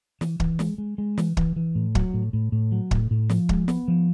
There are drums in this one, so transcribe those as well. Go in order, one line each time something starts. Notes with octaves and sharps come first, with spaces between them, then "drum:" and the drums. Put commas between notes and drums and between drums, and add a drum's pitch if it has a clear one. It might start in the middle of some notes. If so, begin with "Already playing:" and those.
E3, drum: snare
E3, drum: kick
G#3, drum: snare
G#3
G#3
E3, drum: snare
E3, drum: kick
E3
A2
F#3, drum: kick
A2
A2
A2
F#3
A2, drum: kick
A2
F3, drum: snare
G#3, drum: kick
B3, drum: snare
F3